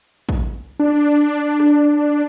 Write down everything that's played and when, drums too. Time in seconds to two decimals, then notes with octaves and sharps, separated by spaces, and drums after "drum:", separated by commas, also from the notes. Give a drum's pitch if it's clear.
0.29 drum: kick
0.80 D4
1.60 drum: rim click